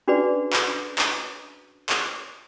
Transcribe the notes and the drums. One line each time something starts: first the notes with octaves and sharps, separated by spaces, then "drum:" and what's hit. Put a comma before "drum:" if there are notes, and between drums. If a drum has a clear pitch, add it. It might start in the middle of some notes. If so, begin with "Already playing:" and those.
C#4 D4 F#4 G#4 B4 D5
drum: clap
drum: clap
drum: clap